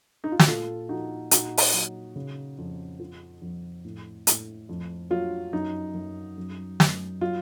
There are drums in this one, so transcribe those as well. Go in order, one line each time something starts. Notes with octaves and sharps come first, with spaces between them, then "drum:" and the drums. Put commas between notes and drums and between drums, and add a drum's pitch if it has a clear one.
D#4
F4
F#4, drum: snare
A#2 F4 A4
F3 D#4 F#4
A#2 D#4 F#4, drum: hi-hat
drum: open hi-hat
F#3
C#3
F2
F3
F2
A2
A2, drum: hi-hat
F2
F#3 F4
F#2 D#4
F#2
F#2
F#2, drum: snare
F#3 F4